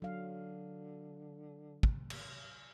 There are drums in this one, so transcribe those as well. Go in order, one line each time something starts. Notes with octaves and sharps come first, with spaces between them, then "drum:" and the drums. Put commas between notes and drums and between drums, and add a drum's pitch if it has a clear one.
D3 F#3 F5
drum: kick
drum: cymbal